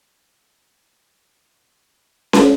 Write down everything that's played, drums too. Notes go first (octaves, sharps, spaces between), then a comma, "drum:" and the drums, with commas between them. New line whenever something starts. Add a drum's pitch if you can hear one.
D#4 G#4 A5 A#5
drum: snare C#4